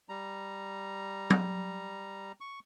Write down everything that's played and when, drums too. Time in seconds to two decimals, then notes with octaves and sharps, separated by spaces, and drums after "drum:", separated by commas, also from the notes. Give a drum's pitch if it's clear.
0.09 G3 A#5
1.30 drum: tom F#3
2.41 C#6